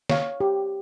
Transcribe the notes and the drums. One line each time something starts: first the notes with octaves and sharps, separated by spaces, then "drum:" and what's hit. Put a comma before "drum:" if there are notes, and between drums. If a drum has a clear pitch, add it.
C#5 F5, drum: snare
G4